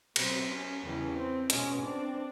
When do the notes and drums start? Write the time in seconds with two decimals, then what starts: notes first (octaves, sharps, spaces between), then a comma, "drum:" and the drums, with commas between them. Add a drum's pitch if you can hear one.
0.16 B2 F#3 C4, drum: cymbal
0.49 C#4
0.83 E2 C#3 E3 G3 C#4
1.17 C4
1.50 B2 G#3 C#4, drum: hi-hat
1.83 C4 D4